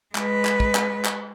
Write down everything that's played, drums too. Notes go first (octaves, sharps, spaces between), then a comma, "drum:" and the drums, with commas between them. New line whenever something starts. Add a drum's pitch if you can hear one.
G#3 B4, drum: clap
drum: clap
drum: kick
drum: clap
drum: clap